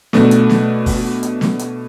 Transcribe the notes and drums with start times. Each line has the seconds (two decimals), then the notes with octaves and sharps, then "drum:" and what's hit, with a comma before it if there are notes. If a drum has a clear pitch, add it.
0.13 B2 A3 D4, drum: snare
0.31 drum: hi-hat
0.49 drum: snare
0.86 drum: kick, open hi-hat
1.23 drum: hi-hat
1.41 drum: snare
1.59 drum: hi-hat